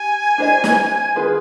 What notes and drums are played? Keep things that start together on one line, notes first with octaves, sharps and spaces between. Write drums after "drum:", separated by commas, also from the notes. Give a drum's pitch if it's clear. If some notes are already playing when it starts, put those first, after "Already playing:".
Already playing: G4 G#5
D4 G4 C5 D#5
drum: snare
D#3 B3 F4 G#4 B4